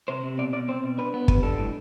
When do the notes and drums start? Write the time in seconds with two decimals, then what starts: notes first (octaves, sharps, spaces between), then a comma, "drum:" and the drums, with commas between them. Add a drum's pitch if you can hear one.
0.08 C3 C5
0.23 C3
0.38 B2 D5
0.53 B2 D5
0.68 C4 C5
0.84 B2
0.98 D4 B4
1.14 B3
1.28 G3 B4, drum: kick
1.43 D4 A4
1.58 A2